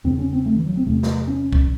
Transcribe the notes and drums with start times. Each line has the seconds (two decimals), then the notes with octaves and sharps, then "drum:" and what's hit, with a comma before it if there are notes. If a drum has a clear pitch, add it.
0.04 E2 C#3 C4
0.19 C#4
0.33 C4
0.46 A3
0.56 E3
0.66 F#3
0.77 C4
0.86 E2 C3 A3
1.03 drum: snare
1.28 C#4
1.53 drum: kick C2